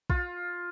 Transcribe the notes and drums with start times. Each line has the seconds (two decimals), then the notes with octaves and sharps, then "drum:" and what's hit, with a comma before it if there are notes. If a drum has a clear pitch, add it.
0.10 F4, drum: kick A#1